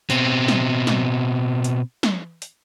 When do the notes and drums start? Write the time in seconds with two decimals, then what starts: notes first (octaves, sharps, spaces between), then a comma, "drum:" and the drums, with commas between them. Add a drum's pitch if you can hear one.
0.10 B2 C4, drum: hi-hat
0.48 drum: snare
0.87 drum: snare
1.64 drum: hi-hat
2.03 drum: snare
2.42 drum: hi-hat